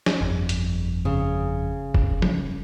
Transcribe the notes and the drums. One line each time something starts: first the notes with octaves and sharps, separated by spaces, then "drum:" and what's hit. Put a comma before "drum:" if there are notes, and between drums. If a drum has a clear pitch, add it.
drum: snare
G1 F2
drum: hi-hat
C#3
drum: kick F1
drum: tom